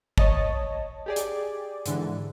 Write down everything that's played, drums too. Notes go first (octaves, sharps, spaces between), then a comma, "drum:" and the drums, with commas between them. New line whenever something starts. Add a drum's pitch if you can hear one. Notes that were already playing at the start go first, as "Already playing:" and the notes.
C#5 D#5 A5, drum: kick
G4 G#4 D5
drum: hi-hat
G#2 D3 E3, drum: hi-hat